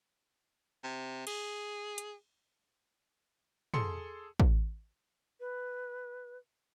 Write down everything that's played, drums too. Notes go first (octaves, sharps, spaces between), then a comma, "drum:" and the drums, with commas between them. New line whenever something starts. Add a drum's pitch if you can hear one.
C3
G#4, drum: cymbal
drum: hi-hat
G#4 A4 C6 C#7, drum: tom
drum: kick
B4